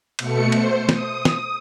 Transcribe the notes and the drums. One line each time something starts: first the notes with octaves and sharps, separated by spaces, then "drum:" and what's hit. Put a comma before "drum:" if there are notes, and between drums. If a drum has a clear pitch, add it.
B2 A3 C#7, drum: cymbal
C5, drum: cymbal
D#6, drum: snare
drum: snare